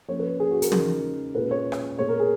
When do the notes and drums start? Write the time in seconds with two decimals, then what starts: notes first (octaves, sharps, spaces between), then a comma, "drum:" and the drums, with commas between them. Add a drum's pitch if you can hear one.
0.08 F3 A#3 C#4 C#5
0.19 B4
0.40 G#4
0.51 F#4
0.62 A#4, drum: hi-hat
0.72 C#3 G#3 D#4, drum: tom
1.35 A#2 G#3 C#4 F4 B4
1.51 C#5
1.72 drum: rim click
1.99 A#2 G#3 B3 C#5
2.09 A#4
2.20 G#4